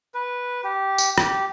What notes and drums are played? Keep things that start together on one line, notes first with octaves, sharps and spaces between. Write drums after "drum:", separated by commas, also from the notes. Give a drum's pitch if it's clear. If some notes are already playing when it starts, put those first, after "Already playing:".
B4
G4
drum: tambourine
G4, drum: rim click